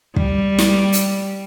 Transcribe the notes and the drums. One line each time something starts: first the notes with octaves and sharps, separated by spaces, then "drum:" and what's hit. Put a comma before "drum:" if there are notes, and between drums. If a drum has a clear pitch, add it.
G3, drum: kick
drum: snare
drum: hi-hat